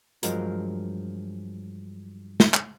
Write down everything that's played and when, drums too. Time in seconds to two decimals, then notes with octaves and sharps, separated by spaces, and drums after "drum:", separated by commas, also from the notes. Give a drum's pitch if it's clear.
0.23 G2 F3 F#3 G#3 A#4, drum: hi-hat
2.40 drum: snare
2.54 drum: clap